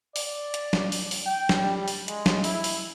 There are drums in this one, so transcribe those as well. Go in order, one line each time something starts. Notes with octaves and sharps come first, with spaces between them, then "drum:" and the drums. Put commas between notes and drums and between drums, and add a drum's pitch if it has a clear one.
D5, drum: open hi-hat
drum: hi-hat
drum: snare
drum: open hi-hat
drum: open hi-hat
G5
drum: snare
G3
drum: open hi-hat
G#3, drum: hi-hat
drum: snare
E4, drum: open hi-hat
drum: open hi-hat